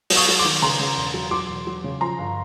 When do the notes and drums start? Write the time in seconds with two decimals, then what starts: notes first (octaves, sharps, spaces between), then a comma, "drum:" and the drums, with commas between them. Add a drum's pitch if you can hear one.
0.10 F#3, drum: open hi-hat
0.16 C#6 D#6
0.28 F#3
0.39 C6 D6
0.44 D#3
0.62 C#3 A#5 C6
0.80 C#3
0.97 E1
1.14 F#3
1.31 F#3 C6 D6
1.49 E1
1.67 F#3
1.84 C#3
2.01 F3 A#5 C6
2.18 G1